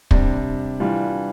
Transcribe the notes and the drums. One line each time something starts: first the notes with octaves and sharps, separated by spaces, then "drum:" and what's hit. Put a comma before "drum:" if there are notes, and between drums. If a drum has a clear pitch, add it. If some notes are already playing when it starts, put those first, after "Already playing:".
C3 G3 D4, drum: kick
E3 G3 D4 F4